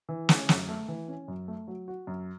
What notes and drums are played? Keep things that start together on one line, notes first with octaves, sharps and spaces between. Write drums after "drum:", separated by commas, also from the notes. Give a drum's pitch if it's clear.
E3
C#4, drum: snare
F#2, drum: snare
A3
E3
C#4
F#2
A3
F#3
F#4
F#2